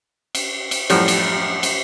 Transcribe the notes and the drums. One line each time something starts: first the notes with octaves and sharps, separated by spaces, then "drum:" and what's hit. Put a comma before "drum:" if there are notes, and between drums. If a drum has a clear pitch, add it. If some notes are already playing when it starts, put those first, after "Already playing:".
drum: cymbal
drum: cymbal
F#2 A2 F3 G3, drum: cymbal
drum: cymbal
drum: cymbal